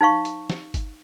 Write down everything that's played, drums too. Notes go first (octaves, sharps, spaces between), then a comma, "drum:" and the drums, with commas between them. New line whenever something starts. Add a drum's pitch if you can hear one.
D#4 C5 F5 C#6
drum: hi-hat
drum: snare
drum: kick G1, hi-hat